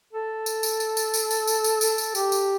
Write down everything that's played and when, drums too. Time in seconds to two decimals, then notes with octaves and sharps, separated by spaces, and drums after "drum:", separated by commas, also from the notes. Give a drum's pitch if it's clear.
0.13 A4
0.46 drum: tambourine
0.63 drum: tambourine
0.80 drum: tambourine
0.97 drum: tambourine
1.14 drum: tambourine
1.31 drum: tambourine
1.47 drum: tambourine
1.64 drum: tambourine
1.81 A4, drum: tambourine
1.98 drum: tambourine
2.15 G4, drum: tambourine
2.32 drum: tambourine